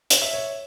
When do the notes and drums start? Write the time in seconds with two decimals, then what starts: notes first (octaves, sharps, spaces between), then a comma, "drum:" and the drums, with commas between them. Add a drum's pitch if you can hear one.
0.10 C#5, drum: hi-hat
0.22 E5
0.34 C#5